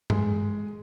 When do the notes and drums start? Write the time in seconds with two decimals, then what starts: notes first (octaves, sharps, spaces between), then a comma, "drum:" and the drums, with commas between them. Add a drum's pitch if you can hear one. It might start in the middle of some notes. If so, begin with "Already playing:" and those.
0.10 G#3, drum: tom G2